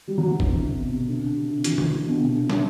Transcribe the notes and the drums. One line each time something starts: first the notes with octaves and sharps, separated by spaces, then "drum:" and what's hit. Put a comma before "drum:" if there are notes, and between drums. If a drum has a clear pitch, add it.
G3
F#3
E3
D3, drum: kick
C3
B2
C3
D3
C3
D3
E3, drum: hi-hat
E3, drum: tom
D3
B2
C3
D3
C3, drum: snare